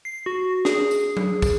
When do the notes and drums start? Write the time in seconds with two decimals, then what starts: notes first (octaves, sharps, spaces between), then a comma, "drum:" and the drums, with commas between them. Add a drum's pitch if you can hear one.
0.05 C7
0.26 F#4
0.65 G#4, drum: snare
0.91 drum: tambourine
1.17 drum: tom F#3
1.42 drum: kick, tambourine